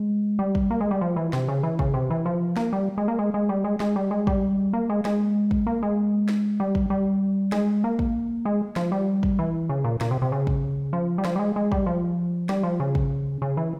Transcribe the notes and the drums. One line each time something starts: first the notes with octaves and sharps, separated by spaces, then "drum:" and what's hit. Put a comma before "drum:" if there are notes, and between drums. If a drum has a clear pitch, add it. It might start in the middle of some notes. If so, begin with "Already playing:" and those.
Already playing: G#3
G3
drum: kick
A#3
G#3
G3
F3
E3
C3, drum: snare
C#3
E3
C#3, drum: kick
C3
E3
F3
A#3, drum: snare
G3
G#3
A#3
G#3
G#3
G3
G#3
G#3, drum: snare
G3
G#3
G3, drum: kick
A#3
G#3
G#3, drum: snare
drum: kick
A#3
G#3
drum: snare
G3
drum: kick
G3
G#3, drum: snare
A#3
drum: kick
G#3
F3, drum: snare
G3
drum: kick
E3
C#3
A#2
A#2, drum: snare
C3
C3
C#3
drum: kick
F3
G3
F3, drum: snare
G3
G#3
G#3
G3, drum: kick
F3
G3, drum: snare
F3
C#3
drum: kick
C#3
E3